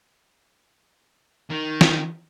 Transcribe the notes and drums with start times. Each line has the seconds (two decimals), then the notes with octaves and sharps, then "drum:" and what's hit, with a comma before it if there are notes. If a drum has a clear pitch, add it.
1.50 D#3
1.81 drum: snare